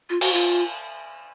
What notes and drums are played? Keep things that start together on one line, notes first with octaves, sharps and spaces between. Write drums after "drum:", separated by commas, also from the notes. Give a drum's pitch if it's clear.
F4
F#4, drum: cymbal
F4